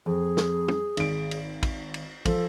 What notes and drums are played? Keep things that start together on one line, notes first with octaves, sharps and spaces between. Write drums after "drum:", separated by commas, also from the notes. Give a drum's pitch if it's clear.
F2 G#4
drum: snare
drum: tom
G#1 D7, drum: cymbal
drum: cymbal
drum: kick, cymbal
drum: cymbal
F3 A4, drum: kick, cymbal